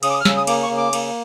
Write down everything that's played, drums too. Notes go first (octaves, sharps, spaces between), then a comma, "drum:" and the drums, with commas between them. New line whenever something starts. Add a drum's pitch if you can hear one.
C#3 D#6, drum: cymbal
D6
D#6
F6
C#3 E6, drum: snare
D#6
A#3 D6, drum: cymbal
C#6
C#3
D6
A#3, drum: cymbal